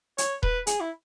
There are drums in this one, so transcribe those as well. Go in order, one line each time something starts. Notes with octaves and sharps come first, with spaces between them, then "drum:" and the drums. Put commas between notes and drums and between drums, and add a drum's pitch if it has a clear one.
C#5, drum: hi-hat
B4, drum: kick D#1
G#4, drum: hi-hat
E4